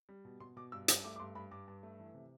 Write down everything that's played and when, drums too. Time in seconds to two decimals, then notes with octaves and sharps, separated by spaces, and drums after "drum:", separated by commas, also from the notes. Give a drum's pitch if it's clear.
0.09 G3
0.25 B2
0.40 B2 C6
0.57 B2 D6
0.72 G2 E6
0.88 G2, drum: hi-hat
1.04 A3 D6
1.16 D6
1.20 G2 C6
1.35 G2 B5
1.51 G2 D6
1.68 G2
1.83 A3
2.00 E3
2.15 C3